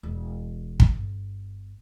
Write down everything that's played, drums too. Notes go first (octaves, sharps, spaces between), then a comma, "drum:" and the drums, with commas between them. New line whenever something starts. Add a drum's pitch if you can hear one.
E1
drum: kick
G1